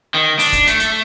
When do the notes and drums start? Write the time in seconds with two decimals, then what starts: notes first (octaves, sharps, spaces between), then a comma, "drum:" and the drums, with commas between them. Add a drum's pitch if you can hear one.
0.14 D#3
0.39 D4, drum: open hi-hat
0.53 drum: kick, hi-hat
0.67 A3, drum: hi-hat
0.80 drum: hi-hat